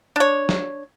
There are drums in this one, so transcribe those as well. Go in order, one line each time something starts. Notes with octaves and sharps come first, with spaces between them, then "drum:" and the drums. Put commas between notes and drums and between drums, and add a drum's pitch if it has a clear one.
D4 C#5
drum: snare